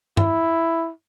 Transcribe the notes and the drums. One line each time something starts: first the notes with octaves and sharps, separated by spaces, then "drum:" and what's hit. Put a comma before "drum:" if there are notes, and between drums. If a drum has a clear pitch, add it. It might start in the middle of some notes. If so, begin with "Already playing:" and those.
E4, drum: tom G2